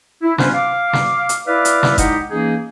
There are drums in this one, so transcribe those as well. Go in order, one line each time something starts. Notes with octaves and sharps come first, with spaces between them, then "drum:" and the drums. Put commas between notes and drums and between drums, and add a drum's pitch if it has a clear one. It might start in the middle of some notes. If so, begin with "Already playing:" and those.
E4
B3 C#4 D4 F4 B4 C5, drum: snare
F5 D6
drum: snare
drum: hi-hat
E4 B4 D5 E5 F5 D6
drum: hi-hat
drum: snare
G#3 D#4 E4 G4 D#5 F#5, drum: kick F#1, hi-hat
E3 A#3 C#4 D#4 G#4